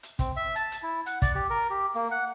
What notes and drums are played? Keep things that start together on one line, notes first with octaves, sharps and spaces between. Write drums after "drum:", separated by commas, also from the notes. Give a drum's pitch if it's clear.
drum: hi-hat
C4, drum: kick, hi-hat
E5
A5, drum: hi-hat
drum: hi-hat
E4
F#5, drum: hi-hat
D5, drum: kick, hi-hat
G4
A#4
G4
A#3
F#5